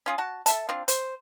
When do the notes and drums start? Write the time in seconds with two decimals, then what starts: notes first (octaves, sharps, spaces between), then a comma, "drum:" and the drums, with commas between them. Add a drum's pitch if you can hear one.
0.06 C#4 F4 G#4
0.18 F#4 A5
0.46 A4 E5 A5, drum: hi-hat
0.69 C4 D4 F4
0.88 C5, drum: hi-hat